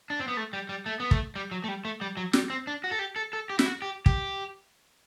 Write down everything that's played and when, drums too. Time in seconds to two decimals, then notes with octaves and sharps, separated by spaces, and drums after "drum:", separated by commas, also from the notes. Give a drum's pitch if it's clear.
0.10 D4
0.20 C4
0.28 B3
0.37 A3
0.53 G3
0.69 G3
0.86 A3
1.00 B3
1.11 A3, drum: kick
1.36 G3
1.51 F#3
1.64 A3
1.68 G3
1.85 A3
2.01 G3
2.17 F#3
2.33 G3, drum: snare
2.50 C4
2.67 D4
2.84 F#4
2.91 A4
2.99 G4
3.16 A4
3.33 A4
3.50 G4
3.59 E4, drum: snare
3.66 F#4
3.82 G4
4.06 G4, drum: kick